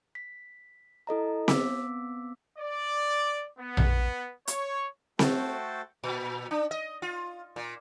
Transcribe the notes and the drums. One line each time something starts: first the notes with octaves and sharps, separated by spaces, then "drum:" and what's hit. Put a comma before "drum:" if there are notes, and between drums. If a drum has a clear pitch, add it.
B6
E4 A4 D#5 A#5
B3 C4 D6 E6 B6, drum: snare C4
D5
B3
drum: tom A#1
C#5, drum: hi-hat
A3 F#4 A4 C5 G5 A5, drum: snare C4
A#2
D4
D#5
F4
A#2